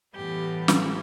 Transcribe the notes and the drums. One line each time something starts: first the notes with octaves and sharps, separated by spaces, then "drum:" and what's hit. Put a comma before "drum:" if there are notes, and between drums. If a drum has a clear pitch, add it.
A2 E3 G3 B3 G4
drum: snare